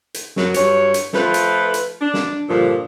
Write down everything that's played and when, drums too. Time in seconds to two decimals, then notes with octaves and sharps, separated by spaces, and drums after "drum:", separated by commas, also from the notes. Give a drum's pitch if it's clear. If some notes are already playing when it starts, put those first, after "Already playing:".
0.14 drum: hi-hat
0.36 F#2 F#3, drum: snare
0.54 G2 F#3 C#5, drum: hi-hat
0.94 drum: hi-hat
1.13 F3 A3 F4 B4, drum: snare
1.34 drum: hi-hat
1.74 drum: hi-hat
2.01 D4
2.14 drum: snare
2.49 G2 A#2 D3 F3